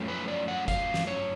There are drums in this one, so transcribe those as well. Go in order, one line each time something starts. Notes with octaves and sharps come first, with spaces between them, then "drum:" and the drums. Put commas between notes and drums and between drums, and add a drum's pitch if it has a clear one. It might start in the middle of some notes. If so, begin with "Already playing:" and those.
Already playing: F#2 F3 A3 C#4
B4
D5
F#5
F5, drum: kick F#1, tambourine
drum: snare
C#5